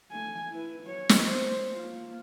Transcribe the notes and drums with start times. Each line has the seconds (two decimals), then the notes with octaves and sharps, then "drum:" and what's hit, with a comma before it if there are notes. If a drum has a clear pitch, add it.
0.12 A3 G#5
0.50 E4 B4
0.84 F#3 C#5
1.09 drum: snare
1.25 C5
1.73 A#3 F4